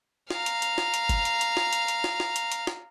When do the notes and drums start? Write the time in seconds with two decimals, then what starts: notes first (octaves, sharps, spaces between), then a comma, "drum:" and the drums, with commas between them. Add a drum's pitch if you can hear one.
0.31 F5 A#5, drum: snare
0.46 drum: hi-hat
0.62 drum: hi-hat
0.78 drum: snare
0.94 drum: hi-hat
1.09 drum: kick G1, hi-hat
1.25 drum: hi-hat
1.41 drum: hi-hat
1.57 drum: snare
1.73 drum: hi-hat
1.88 drum: hi-hat
2.04 drum: snare
2.20 drum: snare
2.36 drum: hi-hat
2.52 drum: hi-hat
2.67 drum: snare